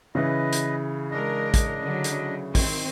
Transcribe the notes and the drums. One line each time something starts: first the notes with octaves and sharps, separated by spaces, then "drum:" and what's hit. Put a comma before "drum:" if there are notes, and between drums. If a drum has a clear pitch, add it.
C#3 E3 B4 D#5
drum: hi-hat
G#3 D4 A#4 D#5
drum: kick A1, hi-hat
D3 F#3
drum: hi-hat
D#3 C4, drum: kick A1, open hi-hat